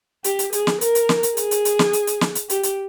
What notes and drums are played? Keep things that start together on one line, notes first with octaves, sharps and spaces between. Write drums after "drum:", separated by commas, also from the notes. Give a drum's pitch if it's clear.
G4, drum: hi-hat
drum: hi-hat
G#4, drum: hi-hat
drum: snare
A#4, drum: hi-hat
drum: hi-hat
drum: snare
drum: hi-hat
G#4, drum: hi-hat
drum: hi-hat
drum: hi-hat
drum: snare
drum: hi-hat
drum: hi-hat
drum: snare
drum: hi-hat
G4, drum: hi-hat
drum: hi-hat